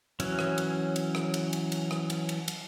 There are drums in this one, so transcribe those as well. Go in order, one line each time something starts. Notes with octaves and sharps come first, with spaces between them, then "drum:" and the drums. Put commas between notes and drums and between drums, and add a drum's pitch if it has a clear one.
E3 F#3 C#4, drum: cymbal
drum: rim click
drum: cymbal
drum: cymbal
drum: rim click
drum: cymbal
drum: cymbal
drum: cymbal
drum: rim click
drum: cymbal
drum: cymbal
drum: cymbal